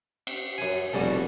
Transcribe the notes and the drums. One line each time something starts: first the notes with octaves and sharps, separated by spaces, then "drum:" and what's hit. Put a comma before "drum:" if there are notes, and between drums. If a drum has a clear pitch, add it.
drum: cymbal
F#2 G#5
F1 B2 G3 F#4 G#4 A4 D5 D#7